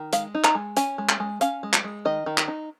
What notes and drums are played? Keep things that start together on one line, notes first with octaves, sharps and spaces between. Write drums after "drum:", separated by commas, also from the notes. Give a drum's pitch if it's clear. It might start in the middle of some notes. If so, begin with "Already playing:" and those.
Already playing: D#3
G#3 F5, drum: hi-hat
D#4
A#5, drum: clap
G#3
C#4 G#5, drum: hi-hat
G#3
drum: clap
G#3
C#4 F5, drum: hi-hat
G#3
drum: clap
G#3
D#3 D#5
D#3
drum: clap
D#4